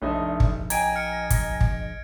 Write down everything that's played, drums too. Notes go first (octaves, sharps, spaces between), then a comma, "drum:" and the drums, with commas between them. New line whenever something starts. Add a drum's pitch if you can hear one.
F1 A#1 D4 D#4 E5
drum: kick
D#5 G5 G#5 A#5 G#6 D7, drum: hi-hat
F6 C#7
drum: kick, hi-hat
drum: kick